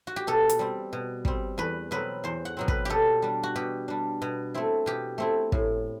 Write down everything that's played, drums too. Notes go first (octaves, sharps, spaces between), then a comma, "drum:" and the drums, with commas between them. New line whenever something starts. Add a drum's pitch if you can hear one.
F#4
G4
B2 A4
drum: hi-hat
G3 C4
B2
G3 C4, drum: kick
E2 B4
B2 F#3 C4 B4
E2 C5
F#5
B2 F#3 C4
B4, drum: kick
B2 G4 A4
G3 D4
F#4
B2 G4
G3 D4
B2
A3 C4 E4
B2 G4
A3 C4 E4
A2, drum: kick